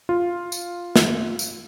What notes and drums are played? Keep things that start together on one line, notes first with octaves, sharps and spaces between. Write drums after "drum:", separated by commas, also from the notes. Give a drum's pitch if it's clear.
F4
drum: tambourine
drum: snare
drum: tambourine